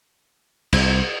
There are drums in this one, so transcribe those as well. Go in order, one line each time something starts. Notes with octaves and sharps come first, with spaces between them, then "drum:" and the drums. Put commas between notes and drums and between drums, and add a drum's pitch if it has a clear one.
C2, drum: cymbal